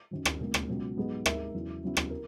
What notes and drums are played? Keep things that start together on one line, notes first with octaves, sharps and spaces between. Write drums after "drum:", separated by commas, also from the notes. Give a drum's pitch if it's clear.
F#2 D#3 F#3
drum: rim click
C#2 B2 A#3
drum: rim click
C#2 B2 F#3
G#2 F#3 B3 D#4 G#4
G#3 D#4 A#4 E5, drum: rim click
E2 C#3 F#3
C#3 F#3 B3 E4
drum: rim click
A#4